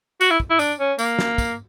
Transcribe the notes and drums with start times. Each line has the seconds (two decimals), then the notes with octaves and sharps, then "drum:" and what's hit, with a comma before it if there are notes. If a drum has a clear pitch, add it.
0.21 F#4, drum: tambourine
0.30 E4
0.40 drum: kick
0.50 E4
0.59 D4, drum: tambourine
0.80 C#4
0.99 A#3, drum: tambourine
1.19 drum: snare
1.38 drum: kick, tambourine